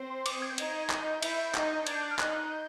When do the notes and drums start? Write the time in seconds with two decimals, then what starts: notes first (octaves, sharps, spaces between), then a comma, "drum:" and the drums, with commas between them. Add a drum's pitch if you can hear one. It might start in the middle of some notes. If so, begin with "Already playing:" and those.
Already playing: C4 C5
0.09 C6
0.26 D6, drum: cymbal
0.34 D#6
0.42 G#6
0.50 G6
0.58 D#4 D#5 G#6, drum: cymbal
0.90 G6, drum: clap
1.23 E4 E5, drum: cymbal
1.55 D#4 D#5, drum: clap
1.87 D4 D5 G#6, drum: cymbal
1.95 G6
2.03 F#6
2.11 F6
2.19 D#4 D#5 F#6, drum: clap
2.52 G6